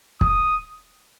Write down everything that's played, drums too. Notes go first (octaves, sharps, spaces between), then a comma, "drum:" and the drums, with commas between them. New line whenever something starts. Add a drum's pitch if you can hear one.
D#6, drum: kick